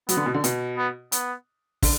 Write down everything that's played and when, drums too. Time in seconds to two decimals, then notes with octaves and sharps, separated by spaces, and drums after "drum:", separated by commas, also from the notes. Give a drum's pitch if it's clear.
0.09 F#3 B3, drum: hi-hat
0.17 D3
0.26 B2
0.34 D3
0.44 B2, drum: hi-hat
0.77 B3
1.12 B3, drum: hi-hat
1.83 D3, drum: kick, open hi-hat